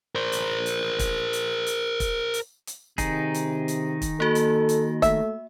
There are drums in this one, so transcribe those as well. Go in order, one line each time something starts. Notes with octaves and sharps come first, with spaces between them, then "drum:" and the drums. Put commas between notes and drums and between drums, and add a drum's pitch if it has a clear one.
A#4 C5
drum: hi-hat
drum: hi-hat
drum: kick, hi-hat
drum: hi-hat
drum: hi-hat
drum: kick, hi-hat
drum: hi-hat
drum: hi-hat
C3 D#3 D#4 G#4, drum: kick, hi-hat
drum: hi-hat
drum: hi-hat
drum: kick, hi-hat
A#3 F#4 A4
drum: hi-hat
drum: hi-hat
A3 E5, drum: kick, hi-hat